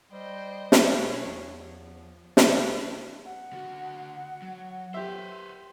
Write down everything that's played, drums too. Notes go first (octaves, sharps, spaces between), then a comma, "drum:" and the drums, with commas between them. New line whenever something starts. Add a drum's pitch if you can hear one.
G3 C5 D#5 G5
drum: snare
B2 A3 G#4 C#5
E2 F3
C3, drum: snare
F#5
D3 F#4
F#3
G4 B4 C5 E5